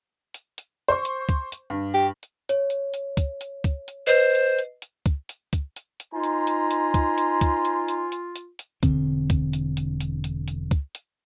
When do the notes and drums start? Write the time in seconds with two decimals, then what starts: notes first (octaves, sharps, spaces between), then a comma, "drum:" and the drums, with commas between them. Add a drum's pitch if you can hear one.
0.34 drum: hi-hat
0.58 drum: hi-hat
0.88 C5 C#6
1.05 drum: hi-hat
1.29 drum: kick, hi-hat
1.52 drum: hi-hat
1.70 G2
1.94 G4
2.23 drum: hi-hat
2.49 C#5, drum: hi-hat
2.70 drum: hi-hat
2.94 drum: hi-hat
3.17 drum: kick, hi-hat
3.41 drum: hi-hat
3.64 drum: kick, hi-hat
3.88 drum: hi-hat
4.07 B4 C5 D#5 C7
4.35 drum: hi-hat
4.59 drum: hi-hat
4.82 drum: hi-hat
5.06 drum: kick, hi-hat
5.29 drum: hi-hat
5.53 drum: kick, hi-hat
5.76 drum: hi-hat
6.00 drum: hi-hat
6.14 D#4 F4 C5 G#5 A#5
6.24 drum: hi-hat
6.47 drum: hi-hat
6.71 drum: hi-hat
6.94 drum: kick, hi-hat
7.18 drum: hi-hat
7.41 drum: kick, hi-hat
7.65 drum: hi-hat
7.88 drum: hi-hat
8.12 drum: hi-hat
8.36 drum: hi-hat
8.59 drum: hi-hat
8.83 E1 D3 C4, drum: kick, hi-hat
9.30 drum: kick, hi-hat
9.53 drum: hi-hat
9.77 drum: hi-hat
10.01 drum: hi-hat
10.24 drum: hi-hat
10.48 drum: hi-hat
10.71 drum: kick, hi-hat
10.95 drum: hi-hat